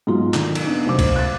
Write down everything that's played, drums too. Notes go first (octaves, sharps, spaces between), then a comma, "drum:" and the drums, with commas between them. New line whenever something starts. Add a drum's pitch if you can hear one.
G#2 B2 F#3 F4
D3 D#3, drum: clap
drum: cymbal
B3 D4 D#4
F1 F#3 C5 D6
drum: kick C2, cymbal
F#6 A6